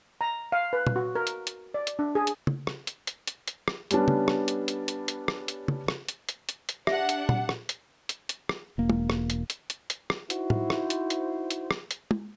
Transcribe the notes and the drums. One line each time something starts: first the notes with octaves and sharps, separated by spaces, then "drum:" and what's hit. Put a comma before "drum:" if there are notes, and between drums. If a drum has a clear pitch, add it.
A#5
F5
B4
drum: tom A#2
F#4
A#4
drum: hi-hat
drum: hi-hat
D5
drum: hi-hat
D4
G#4
drum: hi-hat
drum: tom
drum: rim click
drum: hi-hat
drum: hi-hat
drum: hi-hat
drum: hi-hat
drum: rim click
G3 B3 C#4 D4, drum: hi-hat
drum: tom
drum: rim click
drum: hi-hat
drum: hi-hat
drum: hi-hat
drum: hi-hat
drum: rim click
drum: hi-hat
drum: tom
drum: rim click
drum: hi-hat
drum: hi-hat
drum: hi-hat
drum: hi-hat
D4 G4 E5 F#5, drum: rim click
drum: hi-hat
drum: tom A#2
drum: rim click
drum: hi-hat
drum: hi-hat
drum: hi-hat
drum: rim click
E1 A#3
drum: tom
drum: rim click
drum: hi-hat
drum: hi-hat
drum: hi-hat
drum: hi-hat
drum: rim click
D#4 E4 F#4 C5, drum: hi-hat
drum: tom A2
drum: rim click
drum: hi-hat
drum: hi-hat
drum: hi-hat
drum: rim click
drum: hi-hat
drum: tom